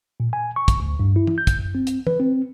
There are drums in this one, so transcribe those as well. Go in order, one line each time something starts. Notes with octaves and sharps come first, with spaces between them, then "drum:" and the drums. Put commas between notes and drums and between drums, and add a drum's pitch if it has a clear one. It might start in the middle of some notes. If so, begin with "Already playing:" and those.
A#2
G#5
C#6
drum: kick, hi-hat
D2
G2
E4
drum: tom
G6
drum: kick, hi-hat
F#2
C4
drum: hi-hat
B4, drum: tom
C4